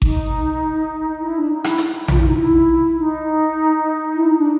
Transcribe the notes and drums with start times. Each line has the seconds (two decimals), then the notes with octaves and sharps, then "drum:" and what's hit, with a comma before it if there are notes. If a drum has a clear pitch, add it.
0.02 D#4, drum: kick G#1
1.20 E4
1.34 D4
1.50 D#4
1.64 E4, drum: rim click
1.78 drum: hi-hat
2.08 F4, drum: tom A#1
2.18 E4
2.26 D#4
2.35 E4
2.98 D#4
4.15 E4
4.27 D#4
4.38 D4